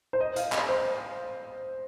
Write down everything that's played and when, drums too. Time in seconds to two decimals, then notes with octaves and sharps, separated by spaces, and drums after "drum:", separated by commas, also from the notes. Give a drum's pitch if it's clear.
0.13 C5
0.21 D#5
0.36 F5, drum: hi-hat
0.52 D#5, drum: clap
0.68 C5